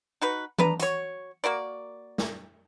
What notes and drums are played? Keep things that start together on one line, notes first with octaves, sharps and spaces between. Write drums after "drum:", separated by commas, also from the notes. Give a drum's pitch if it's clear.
D#4 F#4 B4
D4 B4 A#5, drum: tom E3
F#4 C#5, drum: hi-hat
A#3 F#4 A#4 D5
drum: snare